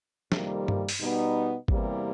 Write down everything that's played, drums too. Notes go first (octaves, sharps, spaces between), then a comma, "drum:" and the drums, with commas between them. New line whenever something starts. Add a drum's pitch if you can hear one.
F2 C3 D#3 G3 A#3, drum: snare
drum: tom G2
drum: open hi-hat
B2 G3 B3 D#4
E2 C3 E3 G3 A#3, drum: kick G#1